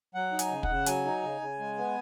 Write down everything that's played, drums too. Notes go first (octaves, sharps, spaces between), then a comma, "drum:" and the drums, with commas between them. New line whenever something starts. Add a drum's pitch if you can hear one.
F#3 F#5
D#4
G#5, drum: hi-hat
C#3
F#5, drum: kick
C#3
F#3 G#5, drum: hi-hat
D#4
C#3
C#3
G#3
B3